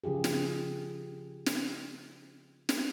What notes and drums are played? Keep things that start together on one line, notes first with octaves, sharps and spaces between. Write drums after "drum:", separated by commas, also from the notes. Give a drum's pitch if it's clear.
C#3 F3 F4 G4 G#4
drum: snare
drum: snare
drum: snare